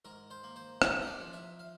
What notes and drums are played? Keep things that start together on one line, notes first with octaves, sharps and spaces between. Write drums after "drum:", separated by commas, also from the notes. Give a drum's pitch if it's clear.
G#2 A#4
C5
A#3
C5
D#4 C#5, drum: rim click
D#5
D5
F3
E5
F5